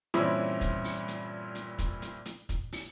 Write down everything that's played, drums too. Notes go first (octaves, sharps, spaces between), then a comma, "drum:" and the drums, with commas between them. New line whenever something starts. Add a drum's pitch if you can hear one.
G2 A#2 E3 C4 C#4 E4, drum: hi-hat
drum: kick, hi-hat
drum: open hi-hat
drum: hi-hat
drum: hi-hat
drum: kick, hi-hat
drum: hi-hat
drum: hi-hat
drum: kick, hi-hat
drum: open hi-hat